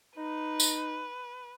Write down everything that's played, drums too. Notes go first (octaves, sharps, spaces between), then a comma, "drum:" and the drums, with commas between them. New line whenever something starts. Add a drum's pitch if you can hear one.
D#4 B4
drum: tambourine